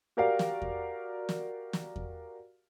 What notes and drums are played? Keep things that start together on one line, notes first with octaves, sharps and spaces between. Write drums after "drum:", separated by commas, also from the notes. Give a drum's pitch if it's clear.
F#4 G4 A#4 D5 F5
drum: snare
drum: kick E2
drum: snare
drum: snare
drum: kick E2